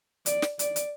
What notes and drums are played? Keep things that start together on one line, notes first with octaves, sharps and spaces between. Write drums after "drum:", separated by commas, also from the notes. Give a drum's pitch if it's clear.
D5, drum: hi-hat
drum: snare
D5, drum: hi-hat
drum: hi-hat